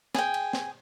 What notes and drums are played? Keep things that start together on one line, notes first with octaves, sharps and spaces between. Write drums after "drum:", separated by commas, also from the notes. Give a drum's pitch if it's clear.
G#4 G5, drum: snare
drum: cymbal
drum: snare